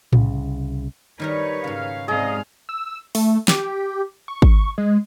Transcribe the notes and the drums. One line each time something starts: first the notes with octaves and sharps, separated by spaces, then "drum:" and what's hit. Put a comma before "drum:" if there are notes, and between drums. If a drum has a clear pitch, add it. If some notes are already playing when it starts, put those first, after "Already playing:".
C2 C#3, drum: tom A2
D#3 G3 D#4 A#4 B4 C#5
G#2 C#3 F5
G#2 C3 C#4 D#4 G#4 D5 D#5 F5
E6
A3, drum: open hi-hat
G4, drum: snare
C#6
drum: kick
G#3